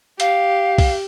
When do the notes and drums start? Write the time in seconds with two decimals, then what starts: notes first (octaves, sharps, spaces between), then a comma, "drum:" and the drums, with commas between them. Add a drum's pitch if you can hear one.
0.20 G4 F5, drum: hi-hat
0.78 drum: kick B1, open hi-hat